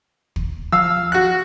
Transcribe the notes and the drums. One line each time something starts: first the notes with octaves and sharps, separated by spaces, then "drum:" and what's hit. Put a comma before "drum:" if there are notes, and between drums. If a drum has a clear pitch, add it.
drum: kick
F3 F5 E6
F#4 F#6